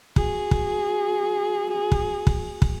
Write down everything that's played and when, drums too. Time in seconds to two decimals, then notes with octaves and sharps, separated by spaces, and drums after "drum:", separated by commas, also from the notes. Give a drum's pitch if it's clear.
0.16 F#4 G#4, drum: kick
0.51 drum: kick
1.92 drum: kick
2.27 drum: kick
2.62 drum: kick